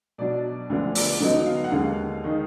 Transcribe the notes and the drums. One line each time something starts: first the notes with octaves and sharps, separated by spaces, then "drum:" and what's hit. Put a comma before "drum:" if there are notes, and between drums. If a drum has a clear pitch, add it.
B2 F#3 D4 D5
D2 D3 F3 B3 D4
D5, drum: open hi-hat
D3 F#3 B3 D#4 D#5
F5
F#5
D#2 D3 G#3 F5
D#3 G#3 D#4